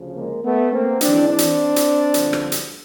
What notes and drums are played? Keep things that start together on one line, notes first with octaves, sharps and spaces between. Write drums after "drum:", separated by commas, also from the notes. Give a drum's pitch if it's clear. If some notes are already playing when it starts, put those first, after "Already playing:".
Already playing: D2 C#3 F3
G#3 A#3
A3 B3
A#3 C4
G#2 E3 C4 D4, drum: hi-hat
C4 D4
drum: hi-hat
drum: hi-hat
G2 D3 F3, drum: hi-hat
drum: rim click
drum: hi-hat